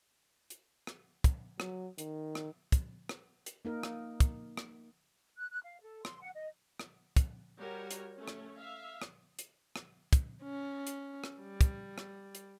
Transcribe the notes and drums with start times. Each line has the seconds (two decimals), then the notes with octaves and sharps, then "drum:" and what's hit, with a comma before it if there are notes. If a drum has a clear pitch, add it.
0.50 drum: hi-hat
0.87 drum: rim click
1.24 drum: kick, hi-hat
1.60 F#3, drum: rim click
1.98 D#3, drum: hi-hat
2.35 drum: rim click
2.72 drum: kick, hi-hat
3.09 drum: rim click
3.46 drum: hi-hat
3.65 A#3 D#4 A#4
3.83 drum: rim click
4.20 drum: kick, hi-hat
4.57 drum: rim click
5.37 F#6
5.50 F#6
5.63 F5
5.81 A4
6.05 C6, drum: rim click
6.21 F#5
6.35 D#5
6.79 drum: rim click
7.17 drum: kick, hi-hat
7.59 G3 F#4 A#4 C#5
7.91 drum: hi-hat
8.17 A3 C#4 C#5
8.28 drum: rim click
8.57 E5 F5
9.02 drum: rim click
9.39 drum: hi-hat
9.76 drum: rim click
10.13 drum: kick, hi-hat
10.43 C#4
10.87 drum: hi-hat
11.24 drum: rim click
11.41 G3
11.61 drum: kick, hi-hat
11.98 drum: rim click
12.35 drum: hi-hat